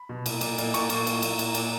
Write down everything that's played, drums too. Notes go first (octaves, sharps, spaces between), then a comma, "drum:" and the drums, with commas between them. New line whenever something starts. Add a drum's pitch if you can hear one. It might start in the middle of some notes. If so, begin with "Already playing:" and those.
Already playing: B5
B2
A#2, drum: cymbal
A#2, drum: cymbal
A#2, drum: cymbal
A#2 C#6, drum: cymbal
A#2, drum: cymbal
A#2, drum: cymbal
A#2, drum: cymbal
A#2, drum: cymbal
A#2, drum: cymbal